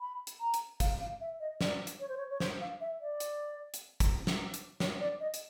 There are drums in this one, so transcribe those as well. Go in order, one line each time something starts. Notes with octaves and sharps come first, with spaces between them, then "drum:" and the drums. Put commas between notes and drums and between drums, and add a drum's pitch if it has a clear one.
B5
drum: hi-hat
A#5
drum: hi-hat
F5, drum: kick, hi-hat
F5
E5
D#5
D5, drum: snare
drum: hi-hat
C#5
C5
C#5
C#5
C5, drum: snare
F5
E5
D5
drum: hi-hat
drum: hi-hat
drum: kick, hi-hat
drum: snare
drum: hi-hat
C#5, drum: snare
D5
D#5
drum: hi-hat